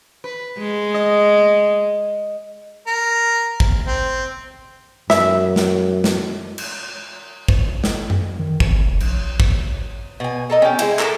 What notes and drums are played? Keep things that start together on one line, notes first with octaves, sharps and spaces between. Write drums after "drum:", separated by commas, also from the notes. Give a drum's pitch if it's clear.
B4
G#3
D#5
A#4
drum: kick
C4
F#2 E5, drum: snare
drum: snare
drum: snare
drum: cymbal
drum: kick
drum: snare
drum: tom F#2
D#3
G#1, drum: kick
F1
A#1, drum: cymbal
drum: kick
B2 G#5
A4 A#4 D#5
C#4 G4
G#3 D#4 E4, drum: cymbal
A4 A#4 G#5 A5, drum: clap